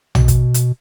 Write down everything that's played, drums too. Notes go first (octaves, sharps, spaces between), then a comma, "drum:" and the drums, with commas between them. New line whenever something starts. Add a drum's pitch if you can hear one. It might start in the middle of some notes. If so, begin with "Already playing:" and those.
B2, drum: tom
drum: kick, hi-hat
drum: hi-hat